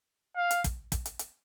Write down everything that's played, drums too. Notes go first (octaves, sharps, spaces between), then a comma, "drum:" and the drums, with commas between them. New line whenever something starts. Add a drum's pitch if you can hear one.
F5
drum: hi-hat
drum: kick, hi-hat
drum: kick, hi-hat
drum: hi-hat
drum: hi-hat